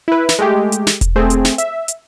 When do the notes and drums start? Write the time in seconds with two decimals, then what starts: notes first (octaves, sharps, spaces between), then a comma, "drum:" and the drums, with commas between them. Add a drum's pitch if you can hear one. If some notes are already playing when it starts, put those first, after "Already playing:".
0.08 E4 B4
0.29 drum: snare
0.39 G#3 A3 G4
0.72 drum: hi-hat
0.87 drum: snare
1.01 drum: kick E1, hi-hat
1.16 A3 C4 G#4
1.30 drum: hi-hat
1.45 drum: snare
1.58 E5, drum: hi-hat
1.88 drum: hi-hat